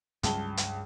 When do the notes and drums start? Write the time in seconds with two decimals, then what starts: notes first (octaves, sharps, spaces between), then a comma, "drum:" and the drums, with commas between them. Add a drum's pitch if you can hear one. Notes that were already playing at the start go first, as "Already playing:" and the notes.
0.23 C#2 G2 F#3 G3 A5 G7, drum: hi-hat
0.57 drum: hi-hat